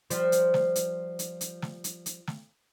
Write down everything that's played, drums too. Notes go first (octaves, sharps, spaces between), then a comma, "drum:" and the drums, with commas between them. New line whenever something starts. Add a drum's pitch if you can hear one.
F3 G3, drum: hi-hat
drum: hi-hat
drum: snare
drum: hi-hat
drum: hi-hat
drum: hi-hat
drum: snare
drum: hi-hat
drum: hi-hat
drum: snare